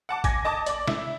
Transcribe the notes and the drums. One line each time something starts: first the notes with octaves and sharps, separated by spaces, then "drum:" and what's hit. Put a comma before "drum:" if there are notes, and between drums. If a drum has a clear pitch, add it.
F#5 A5 D6
G#5 D6 G#6 A#6, drum: kick A1, hi-hat
D#5 A5 D6 D#6
D5 D6, drum: hi-hat
E4, drum: snare